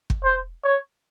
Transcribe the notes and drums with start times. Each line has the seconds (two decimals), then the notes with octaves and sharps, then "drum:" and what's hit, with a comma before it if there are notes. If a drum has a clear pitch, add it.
0.10 drum: kick
0.24 C5
0.64 C#5